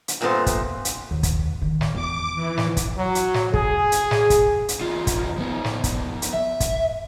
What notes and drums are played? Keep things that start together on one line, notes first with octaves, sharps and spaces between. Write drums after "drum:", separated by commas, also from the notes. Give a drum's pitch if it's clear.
drum: hi-hat
G2 A#2 A3 B3 C4 C5
drum: kick, hi-hat
drum: hi-hat
D#2
drum: kick, hi-hat
D#3
drum: snare
E2 D6
E3
drum: snare
drum: kick, hi-hat
F#3
drum: hi-hat
drum: snare
G#4, drum: kick
drum: hi-hat
drum: snare
drum: kick, hi-hat
drum: hi-hat
E2 F4
drum: kick, hi-hat
F3 B3
drum: snare
drum: kick, hi-hat
drum: hi-hat
E5
drum: kick, hi-hat